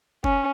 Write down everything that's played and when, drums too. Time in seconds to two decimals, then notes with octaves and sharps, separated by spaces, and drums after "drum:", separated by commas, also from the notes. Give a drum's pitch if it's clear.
0.24 C#4, drum: kick F#1